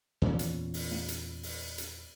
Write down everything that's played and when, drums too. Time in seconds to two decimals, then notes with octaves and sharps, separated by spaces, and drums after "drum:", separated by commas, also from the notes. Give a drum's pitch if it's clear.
0.22 E2 A#2 E3 C#4
0.39 drum: hi-hat
0.74 drum: open hi-hat
0.91 drum: snare
1.09 drum: hi-hat
1.43 drum: open hi-hat
1.78 drum: hi-hat